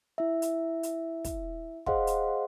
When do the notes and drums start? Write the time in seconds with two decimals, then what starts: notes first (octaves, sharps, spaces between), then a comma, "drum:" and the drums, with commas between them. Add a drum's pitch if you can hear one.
0.18 E4 E5
0.42 drum: hi-hat
0.83 drum: hi-hat
1.25 drum: kick, hi-hat
1.86 G#4 C5 D#5 F5 F#5 C6, drum: kick
2.07 drum: hi-hat